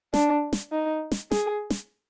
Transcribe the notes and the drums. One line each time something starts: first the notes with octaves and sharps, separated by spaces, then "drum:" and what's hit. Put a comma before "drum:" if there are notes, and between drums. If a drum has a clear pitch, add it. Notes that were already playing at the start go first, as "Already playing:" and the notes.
D4, drum: snare
drum: snare
D#4
drum: snare
G#4, drum: snare
drum: snare